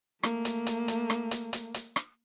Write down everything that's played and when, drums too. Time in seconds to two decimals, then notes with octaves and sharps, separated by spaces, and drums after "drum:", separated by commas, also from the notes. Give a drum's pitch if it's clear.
0.23 A3 A#3, drum: rim click
0.45 drum: hi-hat
0.67 drum: hi-hat
0.88 drum: hi-hat
1.10 drum: rim click
1.31 drum: hi-hat
1.53 drum: hi-hat
1.74 drum: hi-hat
1.96 drum: rim click